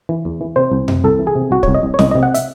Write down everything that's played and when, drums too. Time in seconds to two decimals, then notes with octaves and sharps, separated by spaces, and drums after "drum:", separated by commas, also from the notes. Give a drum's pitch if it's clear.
0.09 E3
0.25 E2
0.41 E3
0.56 C3 C5
0.72 C2
0.88 C3, drum: tom F2
1.04 C2 A4
1.19 E3
1.27 G#4
1.35 C3
1.51 C2 F#4
1.63 C2 C#5, drum: kick
1.75 D#5
1.83 C2
1.94 C#5
1.99 C2 D#5, drum: snare
2.11 C3 D#5
2.23 F#5
2.34 E5, drum: hi-hat